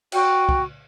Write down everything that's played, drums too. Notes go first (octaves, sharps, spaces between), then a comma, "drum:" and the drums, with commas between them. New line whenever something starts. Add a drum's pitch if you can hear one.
F#4 G5, drum: cymbal
drum: kick